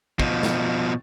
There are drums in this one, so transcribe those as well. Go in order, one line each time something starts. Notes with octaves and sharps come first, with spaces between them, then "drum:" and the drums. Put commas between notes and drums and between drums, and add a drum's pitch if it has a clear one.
B2 F3, drum: kick
drum: snare